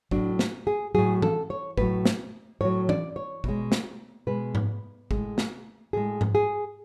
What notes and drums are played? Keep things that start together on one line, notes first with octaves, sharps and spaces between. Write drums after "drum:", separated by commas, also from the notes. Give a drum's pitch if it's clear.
A2 F#3 D4, drum: kick
drum: snare
G#4
A2 F#3 G#4
A4, drum: tom E3
C#5
A2 F#3 B4, drum: kick
drum: snare
A2 F#3 C#5
D5, drum: tom E3
C#5
B2 G#3, drum: kick
drum: snare
B2 G#3 B4
drum: tom G#2
A2 G#3, drum: kick
drum: snare
A2 G#3 G#4
drum: tom G#2
G#4